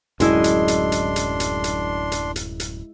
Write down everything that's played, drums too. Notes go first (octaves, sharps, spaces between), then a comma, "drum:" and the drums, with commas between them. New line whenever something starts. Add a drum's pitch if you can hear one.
D1 F#2 G#3 D4 E4 D#5 C6, drum: hi-hat
drum: hi-hat
drum: hi-hat
drum: hi-hat
drum: hi-hat
drum: hi-hat
drum: hi-hat
drum: hi-hat
drum: hi-hat
drum: hi-hat